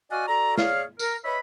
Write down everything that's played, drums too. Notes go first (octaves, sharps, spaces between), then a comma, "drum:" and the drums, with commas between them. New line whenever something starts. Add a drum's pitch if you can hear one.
F#4 D5 D#5 F5 F#5 G#5
F#4 A4 D5 A#5
G#4 C#5 D5 F5, drum: snare
A#4, drum: tambourine
B4 C#5 D#5 E5 B5